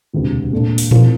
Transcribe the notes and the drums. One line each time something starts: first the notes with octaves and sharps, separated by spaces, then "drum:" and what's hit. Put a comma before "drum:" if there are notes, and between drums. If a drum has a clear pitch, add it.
E1 D2 C3
A#2 A3 D4
drum: open hi-hat
A2 F3 C4 F4 A#4, drum: tom A#2